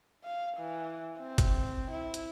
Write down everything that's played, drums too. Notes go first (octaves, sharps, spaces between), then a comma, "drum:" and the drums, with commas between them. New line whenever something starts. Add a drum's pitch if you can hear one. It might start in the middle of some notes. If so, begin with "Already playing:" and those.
F5
E3
C4
drum: kick G1, hi-hat
E4
drum: hi-hat